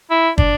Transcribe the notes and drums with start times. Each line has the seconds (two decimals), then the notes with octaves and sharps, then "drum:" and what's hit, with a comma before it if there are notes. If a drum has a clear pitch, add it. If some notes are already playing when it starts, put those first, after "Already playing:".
0.10 E4
0.38 D4, drum: kick